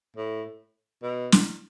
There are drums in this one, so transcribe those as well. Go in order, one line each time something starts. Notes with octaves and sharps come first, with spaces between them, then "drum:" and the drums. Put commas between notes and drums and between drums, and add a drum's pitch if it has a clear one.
A2
B2
drum: snare